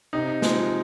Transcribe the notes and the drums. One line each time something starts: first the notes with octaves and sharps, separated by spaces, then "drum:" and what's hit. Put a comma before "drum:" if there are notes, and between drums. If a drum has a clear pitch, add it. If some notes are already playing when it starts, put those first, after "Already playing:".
C3 D#4
F3 G#3, drum: snare